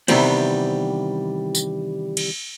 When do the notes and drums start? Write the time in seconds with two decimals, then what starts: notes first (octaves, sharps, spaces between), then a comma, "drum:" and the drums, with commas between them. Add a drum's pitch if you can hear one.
0.08 C3 D#3 E3 G3 B3 C4, drum: cymbal
1.55 drum: tambourine
2.17 drum: cymbal